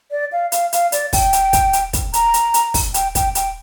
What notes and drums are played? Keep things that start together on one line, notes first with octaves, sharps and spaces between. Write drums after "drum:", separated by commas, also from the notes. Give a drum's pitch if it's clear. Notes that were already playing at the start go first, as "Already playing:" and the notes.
D5
F5
F5, drum: hi-hat
F5, drum: hi-hat
D5, drum: hi-hat
G5, drum: kick, open hi-hat
drum: hi-hat
drum: kick, hi-hat
drum: hi-hat
drum: kick, hi-hat
A#5, drum: hi-hat
drum: hi-hat
drum: hi-hat
drum: kick, open hi-hat
G5, drum: hi-hat
G5, drum: kick, hi-hat
G5, drum: hi-hat